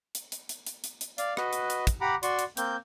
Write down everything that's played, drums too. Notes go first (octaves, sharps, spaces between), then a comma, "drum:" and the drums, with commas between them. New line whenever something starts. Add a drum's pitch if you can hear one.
drum: hi-hat
drum: hi-hat
drum: hi-hat
drum: hi-hat
drum: hi-hat
drum: hi-hat
D5 F5, drum: hi-hat
F#4 B4 D#5, drum: rim click
drum: hi-hat
drum: hi-hat
drum: kick, hi-hat
G4 F#5 A#5 B5 D6
F#4 D5 C6 C#6, drum: hi-hat
drum: hi-hat
A#3 C4 G6, drum: hi-hat